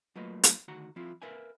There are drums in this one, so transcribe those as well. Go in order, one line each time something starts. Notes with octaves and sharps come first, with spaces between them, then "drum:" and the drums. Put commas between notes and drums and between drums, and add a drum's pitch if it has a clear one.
F#3 A3 A#3 F4 B4 D#5
drum: hi-hat
D2 D#3 F#4 F#5 A#5
F3 C4 E4 F4
A#4 B4 E5 F5 G#5